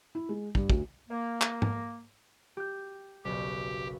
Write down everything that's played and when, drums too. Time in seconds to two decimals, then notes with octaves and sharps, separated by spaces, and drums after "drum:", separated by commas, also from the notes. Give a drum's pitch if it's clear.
0.15 E4
0.29 G#3
0.55 G2, drum: kick
0.70 D2, drum: kick
1.09 A#3
1.41 drum: clap
1.62 drum: tom G#2
2.57 G4 G6
3.25 F#1 B1 G4